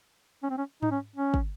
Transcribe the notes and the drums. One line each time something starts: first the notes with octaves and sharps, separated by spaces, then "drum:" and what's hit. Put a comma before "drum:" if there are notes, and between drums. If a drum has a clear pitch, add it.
C#4
C4
C#4
D#4, drum: tom G#2
C#4
C#4
drum: kick